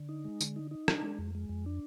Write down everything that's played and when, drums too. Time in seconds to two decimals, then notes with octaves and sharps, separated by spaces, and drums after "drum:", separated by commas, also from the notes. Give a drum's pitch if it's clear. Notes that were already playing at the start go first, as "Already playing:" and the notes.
Already playing: D3
0.09 D#4
0.25 G#3
0.41 D3, drum: tambourine
0.56 D#4
0.71 D#4
0.88 D4, drum: rim click
1.02 G#3
1.19 F2
1.35 G#3
1.49 F2
1.66 D4